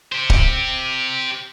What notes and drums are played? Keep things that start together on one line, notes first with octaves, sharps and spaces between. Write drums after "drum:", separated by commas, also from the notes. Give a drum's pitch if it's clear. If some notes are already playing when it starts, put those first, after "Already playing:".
G4 C5
drum: kick D1